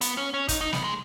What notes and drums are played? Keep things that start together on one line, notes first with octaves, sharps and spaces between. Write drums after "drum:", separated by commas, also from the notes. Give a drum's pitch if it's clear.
B3, drum: hi-hat
C#4
C#4
D#4, drum: kick, hi-hat
D#4
B3, drum: snare
G#3